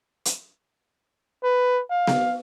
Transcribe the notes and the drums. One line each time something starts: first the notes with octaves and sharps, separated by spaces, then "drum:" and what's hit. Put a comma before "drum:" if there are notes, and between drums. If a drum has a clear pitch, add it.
drum: hi-hat
B4
F5
drum: snare B3